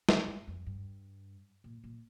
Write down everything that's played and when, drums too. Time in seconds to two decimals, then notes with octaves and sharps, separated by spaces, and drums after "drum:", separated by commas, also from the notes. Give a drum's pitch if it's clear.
0.09 G2, drum: snare
0.27 G2
0.48 F2
0.66 G2
1.64 A#2
1.84 A#2